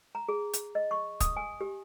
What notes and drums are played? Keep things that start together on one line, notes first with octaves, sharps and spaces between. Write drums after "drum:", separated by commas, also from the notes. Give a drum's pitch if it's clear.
A#5
G#4
drum: hi-hat
D#5
C#6
D#6, drum: kick, hi-hat
G#5
G4